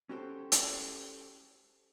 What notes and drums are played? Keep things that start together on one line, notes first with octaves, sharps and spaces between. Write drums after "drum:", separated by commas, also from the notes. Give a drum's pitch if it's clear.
C#4 F#4 G4 A4 C5
drum: hi-hat